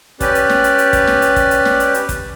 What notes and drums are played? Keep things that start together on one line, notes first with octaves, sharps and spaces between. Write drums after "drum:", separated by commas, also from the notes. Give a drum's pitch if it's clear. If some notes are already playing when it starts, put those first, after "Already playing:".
C#4 G4 B4 D5, drum: kick, hi-hat
drum: hi-hat
drum: snare
drum: hi-hat
drum: hi-hat
drum: kick, hi-hat
drum: snare
drum: hi-hat
drum: kick, hi-hat
drum: hi-hat
drum: snare
drum: hi-hat
drum: hi-hat
drum: kick, hi-hat